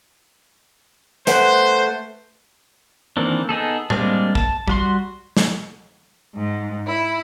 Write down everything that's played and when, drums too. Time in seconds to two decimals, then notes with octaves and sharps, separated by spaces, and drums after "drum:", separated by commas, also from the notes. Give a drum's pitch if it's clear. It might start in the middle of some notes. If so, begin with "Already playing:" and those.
1.27 A3 B4 C5 F#5, drum: hi-hat
3.17 D#3 E3 A#3 C4 D4
3.49 B3 D#4 G#4 A4
3.90 G3 G#3 A#3 C4 D4, drum: tom A2
4.35 A5, drum: kick A#1
4.68 G3 F#4 C6, drum: kick A#1
5.37 drum: snare
6.34 G#2
6.87 E4